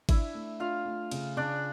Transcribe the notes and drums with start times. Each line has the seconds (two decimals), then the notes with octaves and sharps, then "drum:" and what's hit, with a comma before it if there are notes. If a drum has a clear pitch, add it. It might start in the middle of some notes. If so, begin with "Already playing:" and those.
0.09 D4 E4 E5, drum: kick G#1, cymbal
0.34 A3
0.59 D4 F4 F5
0.85 A3
1.11 C#3, drum: cymbal
1.37 C#3 D4 D5